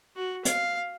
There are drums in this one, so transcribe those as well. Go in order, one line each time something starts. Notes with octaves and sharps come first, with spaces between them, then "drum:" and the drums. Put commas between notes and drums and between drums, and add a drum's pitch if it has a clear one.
F#4
F5, drum: hi-hat